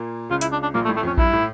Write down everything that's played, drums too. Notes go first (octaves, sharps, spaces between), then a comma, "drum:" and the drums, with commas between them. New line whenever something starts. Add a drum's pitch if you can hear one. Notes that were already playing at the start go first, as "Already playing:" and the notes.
Already playing: A#2 A#3
C#2 C#3 F4
E4, drum: hi-hat
D4
D4
A#1 A#2 A#3
A3
A1 A2
A3
F2 C#4
G2 E4, drum: kick A#1
A2